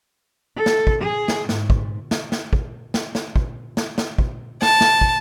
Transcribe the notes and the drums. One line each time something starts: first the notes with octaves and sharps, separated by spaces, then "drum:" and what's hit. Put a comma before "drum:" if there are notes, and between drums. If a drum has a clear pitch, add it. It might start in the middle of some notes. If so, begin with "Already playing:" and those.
A4
drum: snare
drum: kick
G#4
drum: snare
G#2, drum: snare
drum: kick
drum: snare
drum: snare
drum: kick
drum: snare
drum: snare
drum: kick
drum: snare
drum: snare
drum: kick
A5, drum: snare
drum: snare
drum: kick